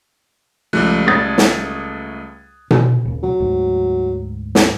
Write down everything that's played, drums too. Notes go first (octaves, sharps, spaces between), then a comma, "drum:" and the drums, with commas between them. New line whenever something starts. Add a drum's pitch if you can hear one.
C#2 F3 G3 A3 F#6
D#6 G#6 A6
drum: snare
drum: tom B2
D#2 C#3
F#3
D2 G#2
drum: snare